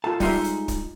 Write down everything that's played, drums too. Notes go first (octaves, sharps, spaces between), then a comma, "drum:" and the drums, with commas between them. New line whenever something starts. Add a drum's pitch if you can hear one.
F4 A4 A5
G3 G#3 D#4 F4 E5, drum: kick, open hi-hat
drum: hi-hat
drum: kick, hi-hat